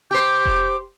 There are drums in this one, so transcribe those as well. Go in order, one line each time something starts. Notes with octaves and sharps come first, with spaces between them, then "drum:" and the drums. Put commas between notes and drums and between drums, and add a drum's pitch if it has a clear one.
G4 C5 D6 G6
drum: kick F1